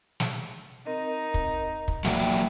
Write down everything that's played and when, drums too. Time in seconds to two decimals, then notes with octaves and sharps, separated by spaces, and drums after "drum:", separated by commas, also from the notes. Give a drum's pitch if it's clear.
0.20 drum: snare
0.86 C4 D#4 A#4 D#5
1.34 drum: kick
1.88 drum: kick
2.05 F#3 A#3 D5 E5 F#5 G5, drum: snare